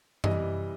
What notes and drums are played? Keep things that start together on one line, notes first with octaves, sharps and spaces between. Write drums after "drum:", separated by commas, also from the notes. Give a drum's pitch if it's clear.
C3 E3 G3 D#5, drum: tom F#2